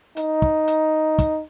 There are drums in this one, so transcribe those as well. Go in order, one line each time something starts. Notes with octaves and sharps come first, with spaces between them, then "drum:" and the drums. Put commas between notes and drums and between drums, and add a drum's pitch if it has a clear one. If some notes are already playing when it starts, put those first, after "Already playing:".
D#4, drum: hi-hat
drum: kick
drum: hi-hat
drum: kick, hi-hat